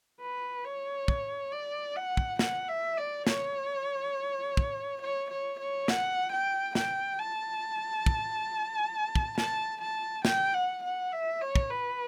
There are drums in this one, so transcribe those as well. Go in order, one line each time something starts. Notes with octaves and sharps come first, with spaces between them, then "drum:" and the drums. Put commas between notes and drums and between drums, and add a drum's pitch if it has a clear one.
B4
C#5
drum: kick
D5
F#5
drum: kick
F#5, drum: snare
E5
D5
C#5, drum: snare
drum: kick
C#5
C#5
C#5
F#5, drum: snare
G5
G5, drum: snare
A5
drum: kick
drum: kick
A5, drum: snare
A5
G5, drum: snare
F#5
F#5
E5
C#5
drum: kick
B4